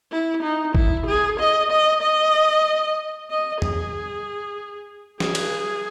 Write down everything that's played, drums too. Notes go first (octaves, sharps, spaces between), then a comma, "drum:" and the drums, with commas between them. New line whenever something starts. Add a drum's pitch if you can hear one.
E4
D#4
E4, drum: kick G1
G#4
D#5
D#5
D#5
D#5
G#4, drum: tom E2
G#4, drum: snare
drum: cymbal